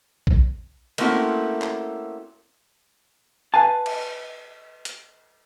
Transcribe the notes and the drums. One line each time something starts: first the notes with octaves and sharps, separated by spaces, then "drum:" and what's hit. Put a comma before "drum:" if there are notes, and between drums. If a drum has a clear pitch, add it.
drum: kick
A3 A#3 C4 C#4 E4 F#4, drum: cymbal
drum: clap
B4 F5 G#5 A5
drum: cymbal
drum: hi-hat